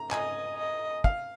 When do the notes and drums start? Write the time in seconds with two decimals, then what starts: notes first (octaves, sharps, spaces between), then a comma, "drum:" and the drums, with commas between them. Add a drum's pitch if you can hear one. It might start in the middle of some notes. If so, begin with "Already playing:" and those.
Already playing: A#5
0.11 D#5 G#5, drum: clap
0.57 D#5
1.04 F5, drum: kick